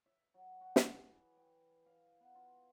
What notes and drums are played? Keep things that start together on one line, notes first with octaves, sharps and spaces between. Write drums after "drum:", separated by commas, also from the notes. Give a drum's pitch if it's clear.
E5
F#3
F#4
drum: snare
G#4
E3
G5
F5
B3
F4